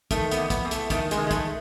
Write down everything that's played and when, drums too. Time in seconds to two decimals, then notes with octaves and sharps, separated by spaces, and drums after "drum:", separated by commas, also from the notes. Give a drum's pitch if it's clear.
0.11 D#3 A3, drum: kick, hi-hat
0.31 B3, drum: hi-hat
0.37 E2
0.50 B3, drum: kick, hi-hat
0.65 E2
0.71 A3, drum: hi-hat
0.90 D#3 A3, drum: kick, hi-hat
1.11 G#3, drum: hi-hat
1.17 D#3
1.27 G#3
1.31 A3, drum: kick, hi-hat